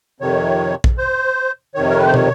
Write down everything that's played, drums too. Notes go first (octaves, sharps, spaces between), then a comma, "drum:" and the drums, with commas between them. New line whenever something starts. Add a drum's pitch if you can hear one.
F2 C3 D#3 C#5
drum: kick A#1
C5
F2 C3 D#3 C#5
A#4
B4
C5
C#5, drum: tom